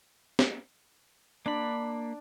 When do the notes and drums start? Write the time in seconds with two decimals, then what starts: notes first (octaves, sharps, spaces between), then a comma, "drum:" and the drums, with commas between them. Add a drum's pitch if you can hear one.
0.39 drum: snare
1.46 A#3 D4 B5